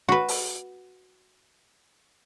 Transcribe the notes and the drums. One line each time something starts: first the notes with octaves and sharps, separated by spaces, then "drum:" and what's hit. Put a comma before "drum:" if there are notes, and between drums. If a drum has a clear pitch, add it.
F#4 B4
drum: open hi-hat